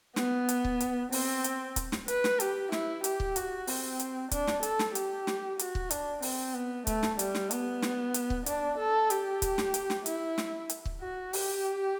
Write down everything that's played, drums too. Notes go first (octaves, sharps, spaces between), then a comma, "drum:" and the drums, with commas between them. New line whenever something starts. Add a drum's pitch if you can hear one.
B3, drum: snare
drum: hi-hat
drum: kick
drum: hi-hat
C4, drum: open hi-hat
drum: hi-hat
drum: kick, hi-hat
drum: snare
B4, drum: hi-hat
drum: snare
G4, drum: hi-hat
E4, drum: snare
G4, drum: hi-hat
drum: kick
F#4, drum: hi-hat
C4, drum: open hi-hat
drum: hi-hat
D4, drum: kick, hi-hat
drum: snare
A4, drum: hi-hat
drum: snare
G4, drum: hi-hat
drum: snare
F#4, drum: hi-hat
drum: kick
D4, drum: hi-hat
C4, drum: open hi-hat
B3
A3, drum: kick, hi-hat
drum: snare
G3, drum: hi-hat
drum: snare
B3, drum: hi-hat
drum: snare
drum: hi-hat
drum: kick
D4, drum: hi-hat
A4
G4, drum: hi-hat
drum: kick, hi-hat
drum: snare
drum: hi-hat
drum: snare
E4, drum: hi-hat
drum: snare
drum: hi-hat
drum: kick
F#4
G4, drum: open hi-hat